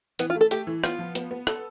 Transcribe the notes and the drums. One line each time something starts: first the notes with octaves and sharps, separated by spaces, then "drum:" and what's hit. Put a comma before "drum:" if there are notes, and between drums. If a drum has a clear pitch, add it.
E3 B3, drum: hi-hat
F4
A3
A4
A3 G4, drum: hi-hat
E3
B3 F4, drum: rim click
F3
B3, drum: hi-hat
B3
A4, drum: rim click